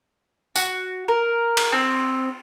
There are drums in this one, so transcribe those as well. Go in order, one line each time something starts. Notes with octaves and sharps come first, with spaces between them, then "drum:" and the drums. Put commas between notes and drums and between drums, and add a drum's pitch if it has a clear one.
F#4, drum: tambourine
A#4
drum: cymbal
C4